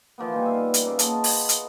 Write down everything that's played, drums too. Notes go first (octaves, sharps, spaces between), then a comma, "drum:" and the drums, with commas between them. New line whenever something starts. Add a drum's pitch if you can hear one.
E3 F3 A#3 B3
D#3 G3 G#5
E5 F5
drum: hi-hat
C#3 A#3 F4
B3 D#5 A5 A#5, drum: hi-hat
drum: open hi-hat
drum: hi-hat